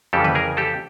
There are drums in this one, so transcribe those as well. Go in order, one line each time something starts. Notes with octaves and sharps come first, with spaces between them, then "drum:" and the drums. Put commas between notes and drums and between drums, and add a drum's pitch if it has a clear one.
F2 C#3 E3 G3 G4 A4
B4, drum: tom D3
G#4 A#4
G4 A4